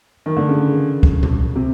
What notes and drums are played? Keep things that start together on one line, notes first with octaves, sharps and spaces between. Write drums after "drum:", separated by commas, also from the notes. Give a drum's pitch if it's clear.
D#3
D3
C#3
drum: kick
drum: tom A#2
C3